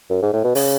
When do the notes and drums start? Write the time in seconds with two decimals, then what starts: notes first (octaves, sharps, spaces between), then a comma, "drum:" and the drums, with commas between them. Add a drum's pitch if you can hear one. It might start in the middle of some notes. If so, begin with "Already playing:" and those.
0.10 F#2
0.22 G#2
0.33 A2
0.44 B2
0.55 C#3, drum: open hi-hat